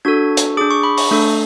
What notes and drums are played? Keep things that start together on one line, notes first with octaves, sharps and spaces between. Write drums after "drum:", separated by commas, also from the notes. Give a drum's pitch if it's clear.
D4 F#4 A4 G#6
drum: hi-hat
D4 G#4 D6
C#6
B5
C#6, drum: open hi-hat
A3 D4 A4